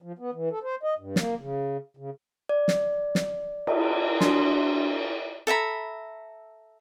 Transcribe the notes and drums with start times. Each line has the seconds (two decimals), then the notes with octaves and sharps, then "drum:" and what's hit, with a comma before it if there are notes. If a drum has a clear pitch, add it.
0.02 F3
0.19 B3
0.33 E3
0.51 A4
0.63 C5
0.83 D#5
0.99 G2
1.16 A#3, drum: snare
1.39 C#3
1.97 C#3
2.49 D5
2.68 drum: snare
3.15 drum: snare
3.67 drum: cymbal
4.21 D4 F#4 C6, drum: snare
5.47 A4 E5 A#5 B5